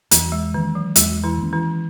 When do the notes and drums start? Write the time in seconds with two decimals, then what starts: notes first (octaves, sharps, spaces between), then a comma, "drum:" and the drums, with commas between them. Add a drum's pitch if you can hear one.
0.11 E2 E3, drum: hi-hat
0.32 G#3
0.54 D#3 E3 A#3 C#4
0.75 F#3
0.96 E2 G#3, drum: hi-hat
1.24 E3 E4
1.38 D#3 A#3 C#4
1.53 E3 E4